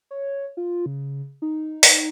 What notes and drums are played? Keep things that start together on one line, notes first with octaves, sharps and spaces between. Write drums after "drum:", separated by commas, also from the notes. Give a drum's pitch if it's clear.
C#5
F4
C#3
D#4
drum: open hi-hat